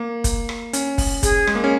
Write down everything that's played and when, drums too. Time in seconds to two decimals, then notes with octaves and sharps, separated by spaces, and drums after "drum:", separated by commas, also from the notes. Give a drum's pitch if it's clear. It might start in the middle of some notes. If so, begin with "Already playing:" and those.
Already playing: A#3
0.24 drum: kick, hi-hat
0.49 drum: rim click
0.73 C#4, drum: hi-hat
0.98 drum: kick, open hi-hat
1.23 G#4, drum: kick, hi-hat
1.47 G#3, drum: rim click
1.55 A#3
1.64 C#4